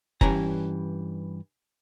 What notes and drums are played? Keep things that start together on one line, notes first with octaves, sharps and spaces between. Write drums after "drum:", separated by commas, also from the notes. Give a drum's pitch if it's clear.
G2 E3 C#4 G#5 A#5, drum: kick F#1